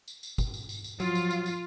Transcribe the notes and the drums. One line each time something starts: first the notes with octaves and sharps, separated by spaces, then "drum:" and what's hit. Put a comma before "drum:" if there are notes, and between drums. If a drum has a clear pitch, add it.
drum: tambourine
drum: tambourine
drum: kick, tambourine
drum: tambourine
drum: tambourine
drum: tambourine
F3 F#3 F4, drum: tambourine
drum: tambourine
drum: tambourine
drum: tambourine